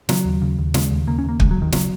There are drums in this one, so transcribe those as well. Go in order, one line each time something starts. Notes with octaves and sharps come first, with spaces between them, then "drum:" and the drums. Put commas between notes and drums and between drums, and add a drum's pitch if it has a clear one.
C#3 F#3, drum: snare
D#2
C#3
D#2
C#3 G#3, drum: snare
D#2
C#3 A#3
C#4
D#2 A#3
C#3 G#3, drum: kick
F#3
D#2 D#3
C#3 F#3, drum: snare